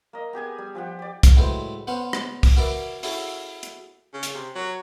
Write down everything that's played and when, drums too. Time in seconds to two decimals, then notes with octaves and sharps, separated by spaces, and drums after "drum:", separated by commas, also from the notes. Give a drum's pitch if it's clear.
0.13 A#3 D#5
0.33 B3 G4 G#4 G#5
0.58 G3
0.75 F3 G4 F#5
0.99 G4 D5
1.23 drum: kick, hi-hat
1.36 A2 F#3 G#3 B4 C5
1.87 B3 C#4 C5 F#5
2.13 drum: rim click
2.43 drum: kick, open hi-hat
2.56 F#4 A#4 B4 D5 E5
3.03 C#4 E4 F#4 G#4 A4, drum: open hi-hat
3.63 drum: hi-hat
4.14 C#3
4.23 drum: hi-hat
4.34 C3
4.55 F#3